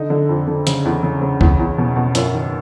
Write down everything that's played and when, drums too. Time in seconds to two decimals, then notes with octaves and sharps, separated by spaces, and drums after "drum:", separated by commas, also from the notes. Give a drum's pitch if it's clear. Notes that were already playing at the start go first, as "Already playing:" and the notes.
Already playing: D3 D#4
0.10 D3
0.29 F2
0.47 D3
0.67 C#3, drum: hi-hat
0.85 E2
1.03 C#3
1.22 C#3
1.41 E2, drum: kick C2
1.59 E2
1.78 B2
1.96 B2
2.15 F#2 F4, drum: hi-hat
2.34 D#3